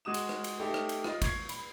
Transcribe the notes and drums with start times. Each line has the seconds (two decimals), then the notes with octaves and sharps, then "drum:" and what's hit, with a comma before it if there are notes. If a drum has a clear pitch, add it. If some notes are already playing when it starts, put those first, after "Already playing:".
0.05 G#3 F#4 D#6 E7
0.14 drum: cymbal
0.29 drum: rim click
0.44 drum: cymbal
0.60 A3 D#4 G4 A4
0.74 drum: rim click
0.89 drum: cymbal
1.04 F4 D#5, drum: rim click
1.22 C#6 G#6 C7, drum: kick G#1, cymbal
1.49 B5, drum: cymbal